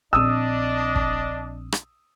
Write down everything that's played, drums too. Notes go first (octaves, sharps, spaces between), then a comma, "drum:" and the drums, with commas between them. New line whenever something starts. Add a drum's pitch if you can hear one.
A#1 C4 D4 D#5 D#6 E6
drum: kick
drum: rim click